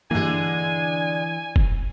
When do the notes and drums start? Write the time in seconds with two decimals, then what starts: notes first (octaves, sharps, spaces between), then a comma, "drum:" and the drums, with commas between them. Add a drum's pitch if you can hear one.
0.11 G2 D3 E3 G#3 A#3 G#5
1.56 drum: kick F1